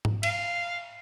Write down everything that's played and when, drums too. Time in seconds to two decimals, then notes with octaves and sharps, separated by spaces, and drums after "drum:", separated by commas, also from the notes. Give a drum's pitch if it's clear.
0.05 drum: tom G#2
0.23 F5, drum: cymbal